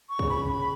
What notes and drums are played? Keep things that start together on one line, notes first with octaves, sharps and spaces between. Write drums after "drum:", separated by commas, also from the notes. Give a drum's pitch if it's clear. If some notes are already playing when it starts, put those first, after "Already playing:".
C#6
C#3, drum: kick
B5